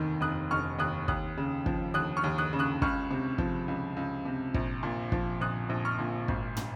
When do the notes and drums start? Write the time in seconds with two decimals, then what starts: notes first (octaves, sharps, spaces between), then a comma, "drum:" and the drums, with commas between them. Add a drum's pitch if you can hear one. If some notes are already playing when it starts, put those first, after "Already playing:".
Already playing: F1 D#2 D#3
0.21 F1 D#6 F#6
0.51 F1 C#6 F6
0.79 D#2 D#6 F#6
1.08 D#2 D#6 F#6, drum: kick
1.37 C#3
1.66 F3, drum: kick
1.94 D#2 D#6 F#6
2.17 C#6 F6
2.24 D#2
2.38 D#6 F#6
2.53 C#3
2.59 D#6 F#6
2.82 C#2 C#6 F6, drum: kick
3.11 C3
3.38 F3, drum: kick
3.68 C#2
3.96 C#2
4.25 C3
4.54 A#1, drum: kick
4.83 A#2
5.12 F3, drum: kick
5.41 A#1 D#6 F#6
5.69 A#1
5.85 C#6 F6
5.98 A#2
6.28 G#1, drum: kick
6.57 drum: tom